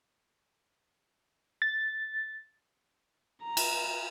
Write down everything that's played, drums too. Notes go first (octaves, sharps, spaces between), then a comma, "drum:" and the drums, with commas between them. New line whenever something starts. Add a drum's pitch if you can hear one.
A6
A#5
drum: cymbal